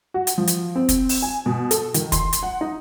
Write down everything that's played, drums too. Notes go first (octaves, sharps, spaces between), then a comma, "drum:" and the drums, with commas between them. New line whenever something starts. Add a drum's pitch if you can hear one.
F#4
drum: hi-hat
F3
drum: hi-hat
C4
drum: kick, hi-hat
drum: open hi-hat
G#5
B2
A4, drum: hi-hat
D#3, drum: hi-hat
C6, drum: kick, hi-hat
drum: hi-hat
F#5
D#4